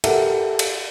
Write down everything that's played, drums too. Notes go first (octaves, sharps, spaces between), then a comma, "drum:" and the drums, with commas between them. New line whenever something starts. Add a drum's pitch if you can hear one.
G4 A4 A#4 E5 F#5, drum: cymbal
drum: cymbal